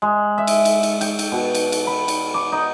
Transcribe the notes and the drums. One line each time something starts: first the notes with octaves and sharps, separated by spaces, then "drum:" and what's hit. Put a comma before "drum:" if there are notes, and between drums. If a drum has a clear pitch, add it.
G#3
E5
drum: cymbal
drum: cymbal
drum: cymbal
G5, drum: cymbal
drum: cymbal
B2
drum: cymbal
drum: cymbal
B5
drum: cymbal
D6
D#4